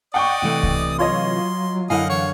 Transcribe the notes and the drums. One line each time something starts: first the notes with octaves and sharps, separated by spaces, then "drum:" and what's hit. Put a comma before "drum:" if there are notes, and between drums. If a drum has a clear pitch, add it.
D5 D#5 F#5 G5 C#6 D#6
C3 E3 A3
drum: kick C2
F#3 F4 C#5 D#5 C6
F#2 D3 E4 D#5 F5 F#5 G#5
E3 C#5